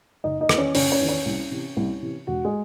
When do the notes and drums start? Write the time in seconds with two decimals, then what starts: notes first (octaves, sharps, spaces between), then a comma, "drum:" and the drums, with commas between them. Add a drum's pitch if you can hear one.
0.24 F#1 D#4 D#5
0.41 D#4 D#5
0.49 E2 D#3, drum: rim click
0.58 C#4 C#5
0.75 F#1 C#4 C#5, drum: open hi-hat
0.92 C#4 C#5
1.00 E2 D#3
1.08 C#4 C#5
1.26 C2
1.51 C3 E3
1.77 C2
2.02 C3 E3
2.27 E1 F#4
2.44 G#3 G#4